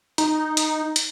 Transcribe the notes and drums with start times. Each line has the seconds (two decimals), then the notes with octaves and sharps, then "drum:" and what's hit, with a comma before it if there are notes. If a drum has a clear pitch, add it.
0.18 D#4, drum: hi-hat
0.57 drum: hi-hat
0.96 drum: hi-hat